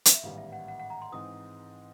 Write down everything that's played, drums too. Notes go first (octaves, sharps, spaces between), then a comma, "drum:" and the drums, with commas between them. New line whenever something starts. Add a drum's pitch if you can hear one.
drum: hi-hat
E5
A1 G#2 D#3 G3 B3 F5
E5
F#5
F#5
F#5
A#5
C6
G#2 E3 G#3 C4 D#4 D#6